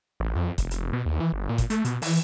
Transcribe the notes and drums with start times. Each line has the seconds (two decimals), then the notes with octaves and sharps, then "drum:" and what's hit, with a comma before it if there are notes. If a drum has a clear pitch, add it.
0.20 A1
0.36 F2
0.58 F1, drum: kick G1, hi-hat
0.71 F1, drum: hi-hat
0.93 B2
1.06 D#2
1.20 E3
1.33 G1
1.49 A#2
1.58 drum: kick G1, hi-hat
1.70 A3, drum: hi-hat
1.85 B2, drum: hi-hat
2.02 E3, drum: open hi-hat